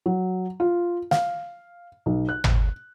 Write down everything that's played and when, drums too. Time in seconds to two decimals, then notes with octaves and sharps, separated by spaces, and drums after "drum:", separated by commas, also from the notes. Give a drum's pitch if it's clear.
0.06 F#3
0.60 F4
1.11 F5, drum: snare
2.06 B1
2.29 F#6
2.44 drum: tom G#1